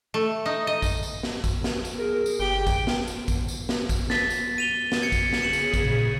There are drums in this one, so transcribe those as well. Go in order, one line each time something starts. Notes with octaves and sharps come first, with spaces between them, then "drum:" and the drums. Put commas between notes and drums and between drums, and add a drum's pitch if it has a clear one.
A3
D#4
D#5
drum: kick A1, tambourine
drum: tambourine
drum: snare
drum: kick A1, tambourine
drum: snare
drum: tambourine
G#4 A#4
drum: tambourine
G1 G4 G5
drum: kick A1, tambourine
drum: snare
drum: tambourine
drum: kick A1, tambourine
drum: tambourine
drum: snare
drum: kick A1, tambourine
A6 B6, drum: snare
drum: tambourine
D#7 F7 G7
drum: snare
G#6 C#7
drum: kick A1, tambourine
drum: snare
C#3 G#4 C#7 E7 F#7
drum: tambourine
drum: kick A1, tambourine
A#2